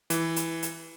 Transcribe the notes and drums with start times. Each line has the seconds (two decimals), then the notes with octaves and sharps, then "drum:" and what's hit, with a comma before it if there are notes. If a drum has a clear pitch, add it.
0.10 E3, drum: hi-hat
0.36 drum: hi-hat
0.63 drum: hi-hat